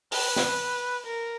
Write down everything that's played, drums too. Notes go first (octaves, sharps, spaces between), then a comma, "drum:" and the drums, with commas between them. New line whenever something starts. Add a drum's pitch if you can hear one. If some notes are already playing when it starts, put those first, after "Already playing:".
B4, drum: open hi-hat
drum: snare
A#4